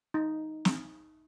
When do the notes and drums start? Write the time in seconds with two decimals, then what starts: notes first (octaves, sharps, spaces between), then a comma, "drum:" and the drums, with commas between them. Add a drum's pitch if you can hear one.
0.14 D#4
0.65 drum: snare